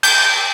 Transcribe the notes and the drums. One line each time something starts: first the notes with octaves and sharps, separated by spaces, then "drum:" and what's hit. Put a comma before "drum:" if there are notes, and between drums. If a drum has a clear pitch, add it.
G6, drum: cymbal